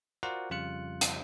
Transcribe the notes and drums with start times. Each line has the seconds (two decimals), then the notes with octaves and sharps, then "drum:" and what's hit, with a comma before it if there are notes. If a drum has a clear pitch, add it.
0.23 F4 F#4 A#4 C5 D5 F#5
0.50 F2 C#3 G3 F4 F#6 C#7
1.01 drum: hi-hat